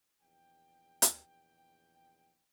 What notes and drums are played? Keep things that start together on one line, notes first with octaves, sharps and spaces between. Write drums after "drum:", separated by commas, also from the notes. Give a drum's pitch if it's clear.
A#1 E2 G5
drum: hi-hat